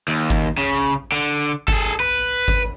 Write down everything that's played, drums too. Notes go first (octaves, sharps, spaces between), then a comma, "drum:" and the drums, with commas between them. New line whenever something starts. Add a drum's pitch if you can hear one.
D#2
drum: kick G1
C#3
D3
G#4 A4, drum: kick G1
B4
drum: kick G1